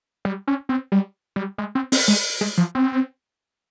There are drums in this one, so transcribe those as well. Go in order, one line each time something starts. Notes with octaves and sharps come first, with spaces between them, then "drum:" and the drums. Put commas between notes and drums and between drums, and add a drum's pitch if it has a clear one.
G3
C#4
C4
G3
G3
G#3
C4
C4, drum: open hi-hat
G#3
G#3
F3
C4